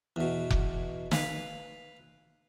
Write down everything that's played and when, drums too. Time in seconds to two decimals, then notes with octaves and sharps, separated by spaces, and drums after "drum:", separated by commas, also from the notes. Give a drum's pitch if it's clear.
0.16 E2 B2
0.50 drum: kick F1
1.11 B4 F5 B5, drum: snare